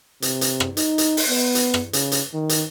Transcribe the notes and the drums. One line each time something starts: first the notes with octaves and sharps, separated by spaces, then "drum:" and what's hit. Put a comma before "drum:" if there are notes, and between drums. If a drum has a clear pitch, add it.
C3, drum: hi-hat
drum: hi-hat
drum: rim click
D#4, drum: hi-hat
drum: hi-hat
drum: open hi-hat
B3
drum: hi-hat
drum: rim click
C#3, drum: hi-hat
drum: hi-hat
D#3
drum: hi-hat